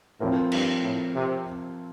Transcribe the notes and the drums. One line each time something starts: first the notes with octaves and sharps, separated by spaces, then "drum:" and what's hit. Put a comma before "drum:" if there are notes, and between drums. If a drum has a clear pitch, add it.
A2 F3 C4 F4 A#4
G2, drum: cymbal
A2
C3